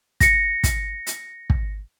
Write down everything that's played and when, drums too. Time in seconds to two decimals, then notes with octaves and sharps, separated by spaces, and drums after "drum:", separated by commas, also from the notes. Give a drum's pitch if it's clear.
0.20 A#6 C#7, drum: kick, hi-hat
0.64 drum: kick, hi-hat
1.07 drum: hi-hat
1.50 drum: kick